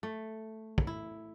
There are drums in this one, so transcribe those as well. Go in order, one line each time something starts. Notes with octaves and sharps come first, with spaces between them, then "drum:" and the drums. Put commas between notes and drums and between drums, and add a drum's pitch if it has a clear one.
A3
drum: kick
E4